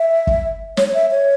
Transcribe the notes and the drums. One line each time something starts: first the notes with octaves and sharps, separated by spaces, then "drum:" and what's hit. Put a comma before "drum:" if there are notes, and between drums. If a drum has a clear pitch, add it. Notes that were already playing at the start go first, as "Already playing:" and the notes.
Already playing: E5
drum: kick
C#5, drum: snare
C#5
E5
C#5